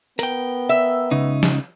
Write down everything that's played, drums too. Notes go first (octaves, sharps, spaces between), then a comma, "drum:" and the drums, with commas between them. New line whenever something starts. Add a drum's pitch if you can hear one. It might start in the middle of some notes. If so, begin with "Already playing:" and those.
B3 A#4 G5, drum: hi-hat
E5
C#2 C#3 D#4
drum: snare